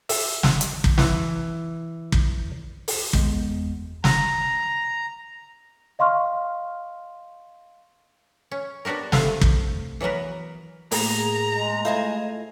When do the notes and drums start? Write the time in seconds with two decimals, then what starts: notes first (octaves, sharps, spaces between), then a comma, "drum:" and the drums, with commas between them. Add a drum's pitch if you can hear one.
0.09 E5, drum: open hi-hat
0.43 drum: snare
0.61 drum: hi-hat
0.84 drum: kick
0.98 E3, drum: snare
2.12 drum: kick
2.88 drum: open hi-hat
3.13 F#1 E2 G#3 B3, drum: kick
4.04 A#5, drum: snare
5.99 D#5 F5 C6 C#6 F6
8.52 C#4
8.85 B3 D4 F#4 G4 A#4
9.12 C3 A3 B4 E5 F5, drum: snare
9.41 drum: kick
10.01 E3 F#3 B3 A#4 B4
10.92 A2 A#3 G#4 A#5, drum: open hi-hat
11.53 G#3
11.85 A3 E4 F4 C5 D#5 G#5